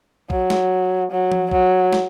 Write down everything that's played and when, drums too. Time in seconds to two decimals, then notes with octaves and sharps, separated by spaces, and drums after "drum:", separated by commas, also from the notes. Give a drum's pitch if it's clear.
0.30 F#3, drum: kick A#1
0.50 drum: snare
1.12 F#3
1.32 drum: tom F3
1.51 F#3, drum: kick A#1
1.93 drum: snare